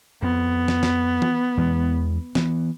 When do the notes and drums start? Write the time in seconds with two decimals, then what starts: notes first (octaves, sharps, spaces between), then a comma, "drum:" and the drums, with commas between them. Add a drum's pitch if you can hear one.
0.22 F2 B3
0.68 drum: snare
0.83 drum: snare
1.22 drum: tom E3
1.57 E2 E3 G#3
2.35 E3 B3, drum: snare